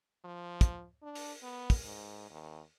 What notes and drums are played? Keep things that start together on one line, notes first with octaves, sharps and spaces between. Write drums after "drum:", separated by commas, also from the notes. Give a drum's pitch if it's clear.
F3
drum: kick, hi-hat
D4
drum: open hi-hat
B3
drum: kick, open hi-hat
G#2
D#2